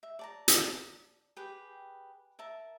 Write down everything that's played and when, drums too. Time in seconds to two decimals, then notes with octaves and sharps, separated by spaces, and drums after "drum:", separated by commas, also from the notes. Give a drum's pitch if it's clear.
0.03 E5
0.19 D5 A5 A#5
0.48 drum: hi-hat
1.37 G4 G#4 B4 G5
2.39 A#4 E5 A5